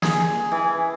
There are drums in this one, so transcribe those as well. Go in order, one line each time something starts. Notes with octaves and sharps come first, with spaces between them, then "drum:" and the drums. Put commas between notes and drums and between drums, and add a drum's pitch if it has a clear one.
G#4, drum: snare
E3